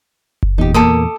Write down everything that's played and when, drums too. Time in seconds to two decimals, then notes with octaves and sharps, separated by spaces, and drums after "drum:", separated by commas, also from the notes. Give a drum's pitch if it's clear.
0.43 drum: kick F#1
0.58 E2 A#2 D#4 G4
0.74 A#3 A4 D6 D#6